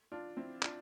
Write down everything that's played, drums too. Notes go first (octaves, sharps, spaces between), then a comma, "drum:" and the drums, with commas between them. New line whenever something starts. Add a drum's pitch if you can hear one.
D4 F4
C4 E4
D4 F4, drum: clap